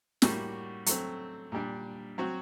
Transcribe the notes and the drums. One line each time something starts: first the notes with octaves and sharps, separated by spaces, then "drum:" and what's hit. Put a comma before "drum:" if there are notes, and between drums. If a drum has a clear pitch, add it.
A2 G3 A#3 F#4, drum: snare
F#3 A3 C4, drum: hi-hat
A#2 G3 D4
F#3 C4 F#4